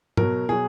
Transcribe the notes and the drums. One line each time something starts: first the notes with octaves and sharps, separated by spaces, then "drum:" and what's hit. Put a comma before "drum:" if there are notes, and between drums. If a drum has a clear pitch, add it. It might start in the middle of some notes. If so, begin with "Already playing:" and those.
B2 F#3 A#4, drum: tom
B2 F#3 G#4